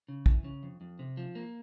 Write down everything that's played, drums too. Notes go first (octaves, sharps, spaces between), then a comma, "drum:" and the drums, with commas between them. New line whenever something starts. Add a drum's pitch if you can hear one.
C#3
E3, drum: kick
C#3
F2
F2
C3
F3
A#3